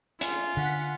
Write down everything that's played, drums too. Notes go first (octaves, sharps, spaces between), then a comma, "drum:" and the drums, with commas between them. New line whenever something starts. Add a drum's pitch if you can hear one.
F4 G#5, drum: hi-hat
D3 F#5 B6